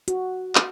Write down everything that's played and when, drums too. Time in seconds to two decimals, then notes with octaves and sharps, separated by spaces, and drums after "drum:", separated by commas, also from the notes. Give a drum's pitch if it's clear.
0.08 F#4, drum: hi-hat
0.55 drum: clap